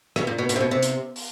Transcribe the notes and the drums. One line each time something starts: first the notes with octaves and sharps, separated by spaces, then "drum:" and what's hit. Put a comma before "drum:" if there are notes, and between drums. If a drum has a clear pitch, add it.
B2, drum: rim click
A#2
B2
B2, drum: hi-hat
C3
B2
C3
drum: hi-hat
drum: open hi-hat